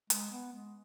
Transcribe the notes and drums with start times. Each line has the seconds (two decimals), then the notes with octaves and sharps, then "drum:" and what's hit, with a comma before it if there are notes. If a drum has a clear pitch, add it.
0.10 G#3, drum: hi-hat
0.32 B3
0.53 G#3